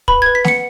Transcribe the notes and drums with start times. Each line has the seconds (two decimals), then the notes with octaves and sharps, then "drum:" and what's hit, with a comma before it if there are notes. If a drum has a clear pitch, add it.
0.08 B4 B5, drum: kick
0.22 B4 G#6
0.35 B6
0.44 F#5 C#7, drum: snare